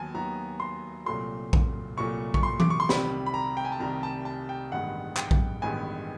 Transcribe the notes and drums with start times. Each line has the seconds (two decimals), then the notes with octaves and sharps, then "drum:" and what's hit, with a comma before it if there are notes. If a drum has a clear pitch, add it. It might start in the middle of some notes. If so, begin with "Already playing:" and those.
Already playing: D#2 F#3 B3 G#5 A5
0.14 D#2 D#3 F#3 B3 A#5
0.60 C6
1.06 C2 A#2 F#3 A3 C6
1.53 drum: kick A#1
1.97 C2 A#2 F#3 A3 C#6
2.34 C#6, drum: kick A#1
2.43 C6
2.60 D6, drum: tom E3
2.70 C#6
2.80 C6
2.89 C2 C3 D#3 G3 B5, drum: snare
3.26 B5
3.34 A#5
3.57 G5
3.65 G#5
3.72 A5
3.80 C2 C3 D#3 G3 A#5
4.03 A5
4.25 A5
4.49 G5
4.72 A1 G2 D#3 G#3 B3 F#5
5.17 G5, drum: clap
5.31 drum: kick A#1
5.62 A1 G2 D#3 G#3 B3 G#5